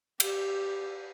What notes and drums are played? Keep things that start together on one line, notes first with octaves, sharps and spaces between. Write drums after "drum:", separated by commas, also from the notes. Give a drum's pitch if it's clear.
G4, drum: cymbal